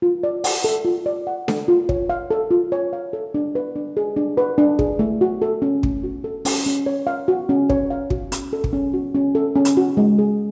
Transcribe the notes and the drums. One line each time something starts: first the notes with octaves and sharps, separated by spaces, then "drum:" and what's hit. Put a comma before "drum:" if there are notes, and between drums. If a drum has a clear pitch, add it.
F4
D5
F#5, drum: open hi-hat
A4
F4
D5
F#5
A4, drum: snare D4
F4
C#5, drum: kick
F5
A4
F4
C#5
F5
A4
D4
B4
D4
G#4
D4
B4
D4
G#4, drum: kick
A3
F#4
A4
C#4
A3, drum: kick
F#4
A4
C#4, drum: open hi-hat
C#4
C#5
F5
F#4
C#4
C#5, drum: kick
F5
F#4, drum: kick
C#4, drum: hi-hat
A4
drum: kick
C#4
F#4
C#4
A4
C#4
drum: hi-hat
F#4
G#3
G#4